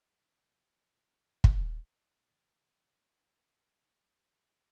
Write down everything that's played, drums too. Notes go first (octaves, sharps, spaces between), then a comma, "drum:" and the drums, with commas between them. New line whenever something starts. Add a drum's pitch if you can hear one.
B2 F3
drum: kick
A2 D3 D#3 F3